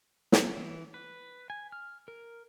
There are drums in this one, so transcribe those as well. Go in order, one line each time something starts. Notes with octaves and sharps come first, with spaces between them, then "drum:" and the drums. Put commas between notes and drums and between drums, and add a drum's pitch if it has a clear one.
drum: snare
E3
B4
G#5
F6
A#4